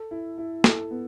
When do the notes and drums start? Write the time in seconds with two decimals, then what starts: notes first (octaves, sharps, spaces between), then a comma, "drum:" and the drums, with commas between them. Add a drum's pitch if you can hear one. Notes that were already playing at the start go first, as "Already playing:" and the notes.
Already playing: A4
0.11 E4
0.38 E4
0.64 A4, drum: snare
0.91 B3